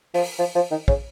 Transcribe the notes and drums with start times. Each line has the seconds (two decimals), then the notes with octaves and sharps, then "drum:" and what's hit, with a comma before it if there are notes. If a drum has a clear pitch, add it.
0.14 F3, drum: open hi-hat
0.39 F3
0.55 F3
0.71 D#3
0.88 C#3, drum: kick